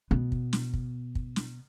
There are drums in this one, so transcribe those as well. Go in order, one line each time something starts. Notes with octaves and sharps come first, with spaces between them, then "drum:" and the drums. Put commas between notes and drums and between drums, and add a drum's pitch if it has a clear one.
B2 B3
drum: kick
drum: snare
drum: kick
drum: kick
drum: snare